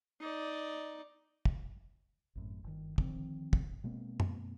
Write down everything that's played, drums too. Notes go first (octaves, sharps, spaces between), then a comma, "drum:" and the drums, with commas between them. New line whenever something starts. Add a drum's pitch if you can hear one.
D#4 D5
drum: kick
G#1 F#2 A2
G1 D#3
D3 D#3 F3 C4, drum: kick
drum: kick
B2 G#3 A#3 C4
drum: tom F#2